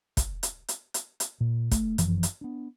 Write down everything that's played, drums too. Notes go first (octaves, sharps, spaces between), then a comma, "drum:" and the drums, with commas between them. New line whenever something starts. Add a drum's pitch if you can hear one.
drum: kick, hi-hat
drum: hi-hat
drum: hi-hat
drum: hi-hat
drum: hi-hat
A#2
A3, drum: kick, hi-hat
G1 F#2 E3 F3, drum: hi-hat
drum: hi-hat
B3 D4